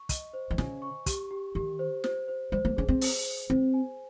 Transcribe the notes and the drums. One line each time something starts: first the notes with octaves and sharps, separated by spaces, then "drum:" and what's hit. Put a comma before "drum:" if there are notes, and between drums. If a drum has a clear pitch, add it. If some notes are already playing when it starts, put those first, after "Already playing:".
Already playing: C#6
D#5, drum: kick, hi-hat
C5
D#3
C#3 G#5, drum: snare
C#6
G4, drum: kick, hi-hat
G4
D#3 G4
C5
C5, drum: snare
C5
G3 C5
A#3
C#4 G#4
C4
C5, drum: open hi-hat
C5
C4 C5
G#5